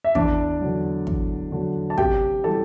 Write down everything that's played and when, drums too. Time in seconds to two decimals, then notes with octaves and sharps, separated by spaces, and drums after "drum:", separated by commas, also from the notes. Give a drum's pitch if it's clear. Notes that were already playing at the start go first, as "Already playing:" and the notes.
0.04 E5
0.15 E2 D4 D5, drum: kick
0.61 D3 F#3
1.07 E2, drum: kick
1.52 D3 F#3
1.90 A5
1.98 C3 G4 G5, drum: kick
2.44 E3 G3 A4 A5